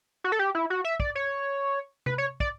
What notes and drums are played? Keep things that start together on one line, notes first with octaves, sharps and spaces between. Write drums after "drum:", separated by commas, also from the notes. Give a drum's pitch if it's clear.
F#4
A4
G4
E4
F#4
E5
D5, drum: kick
C#5
B4, drum: tom C3
C#5
D5, drum: kick